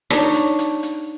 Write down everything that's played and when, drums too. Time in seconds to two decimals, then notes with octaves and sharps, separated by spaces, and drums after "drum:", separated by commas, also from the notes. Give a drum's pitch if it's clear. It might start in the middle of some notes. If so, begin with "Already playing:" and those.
0.10 D4 D#4 C#5, drum: rim click
0.35 drum: hi-hat
0.59 drum: hi-hat
0.83 drum: hi-hat